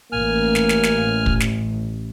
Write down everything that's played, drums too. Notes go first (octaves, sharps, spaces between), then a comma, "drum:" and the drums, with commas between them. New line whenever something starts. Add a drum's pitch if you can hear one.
A1 A#3 G#5 F6
drum: snare
drum: snare
drum: snare
drum: kick
drum: snare